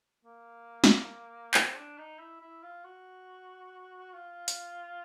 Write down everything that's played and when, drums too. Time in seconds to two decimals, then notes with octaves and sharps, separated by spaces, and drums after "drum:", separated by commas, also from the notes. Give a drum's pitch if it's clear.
0.25 A#3
0.84 drum: snare
1.54 C4, drum: clap
1.76 D4
1.98 D#4
2.19 E4
2.41 E4
2.63 F4
2.84 F#4
4.13 F4
4.48 drum: hi-hat